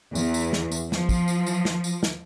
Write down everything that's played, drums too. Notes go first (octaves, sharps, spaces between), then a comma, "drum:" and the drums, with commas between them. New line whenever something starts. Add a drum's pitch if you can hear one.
E2, drum: tambourine
drum: tambourine
drum: snare
drum: tambourine
F3, drum: snare
drum: kick, tambourine
drum: tambourine
drum: tambourine
drum: snare
drum: tambourine
drum: snare